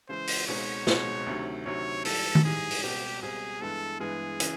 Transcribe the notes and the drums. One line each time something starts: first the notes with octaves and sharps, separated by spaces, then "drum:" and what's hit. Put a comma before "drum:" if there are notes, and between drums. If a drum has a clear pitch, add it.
C#3 E3 G#3 C5
drum: open hi-hat
C#2 B2 G#3 C4 D#4 C#5
C#2 B2 G#3 C4 D#4, drum: snare
D2 C3 D#3 F#3
D2 C3 D#3 F#3 C#5
G#2 E3 G3 A4, drum: open hi-hat
drum: tom D#3
G#2 E3 G3 G#4
drum: open hi-hat
C#2 B2 G3 C4 G4
C#2 B2 G3 C4 G#4
G2 E3 G#3 B3 A4
G2 E3 G#3 B3 G#4
C#3 E3, drum: hi-hat